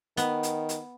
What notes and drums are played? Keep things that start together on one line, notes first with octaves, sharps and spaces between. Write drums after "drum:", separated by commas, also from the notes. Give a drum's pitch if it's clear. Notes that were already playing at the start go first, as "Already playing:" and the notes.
D#3 B3, drum: hi-hat
drum: hi-hat
drum: hi-hat